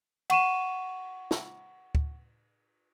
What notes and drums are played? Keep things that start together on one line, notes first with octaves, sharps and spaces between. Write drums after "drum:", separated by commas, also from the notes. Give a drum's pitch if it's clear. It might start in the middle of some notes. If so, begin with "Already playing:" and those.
F#5 C#6 D#7 E7, drum: cymbal
drum: snare
drum: kick D2